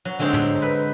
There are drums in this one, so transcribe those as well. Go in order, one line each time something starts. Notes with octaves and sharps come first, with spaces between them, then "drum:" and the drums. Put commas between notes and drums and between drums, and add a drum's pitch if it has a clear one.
F#3
D3 F#3 G#3 C4 D#4
drum: tom
B4